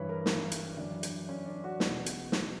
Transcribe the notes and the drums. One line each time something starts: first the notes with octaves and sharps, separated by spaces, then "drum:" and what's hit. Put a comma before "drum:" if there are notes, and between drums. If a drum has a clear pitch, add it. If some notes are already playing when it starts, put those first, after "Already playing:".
Already playing: G2 E3 B4 C#5
A#4
A#4, drum: snare
drum: hi-hat
F#2 E3 D4
D4, drum: hi-hat
C#4
D4
F#4
E2 B2, drum: snare
drum: hi-hat
drum: snare